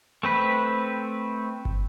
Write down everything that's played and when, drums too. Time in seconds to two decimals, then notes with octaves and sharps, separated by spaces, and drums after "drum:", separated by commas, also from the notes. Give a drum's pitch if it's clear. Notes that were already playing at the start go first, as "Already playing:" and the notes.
0.23 A3 C4 B4 B5
1.65 drum: kick G1